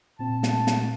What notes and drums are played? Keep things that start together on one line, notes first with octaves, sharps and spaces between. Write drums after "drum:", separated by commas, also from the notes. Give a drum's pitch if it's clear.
A#2 C4 A5
drum: snare
drum: snare